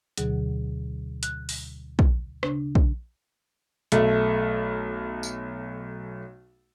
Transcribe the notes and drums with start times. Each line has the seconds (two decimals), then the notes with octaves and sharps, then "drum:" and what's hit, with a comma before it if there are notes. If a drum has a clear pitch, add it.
0.18 D2 B2 D3 F#3 G#4, drum: hi-hat
1.23 F#6, drum: hi-hat
1.49 drum: open hi-hat
1.99 drum: kick
2.43 C#3 D4, drum: rim click
2.75 drum: kick
3.92 B1 A3, drum: hi-hat
5.23 drum: tambourine